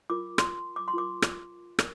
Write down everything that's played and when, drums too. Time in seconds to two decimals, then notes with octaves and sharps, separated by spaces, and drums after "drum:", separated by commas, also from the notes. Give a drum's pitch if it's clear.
0.10 F4 A#4 D6
0.38 C6, drum: rim click
0.76 D6
0.88 C6
0.94 F4 A#4 D6
1.22 drum: rim click
1.79 A#4, drum: rim click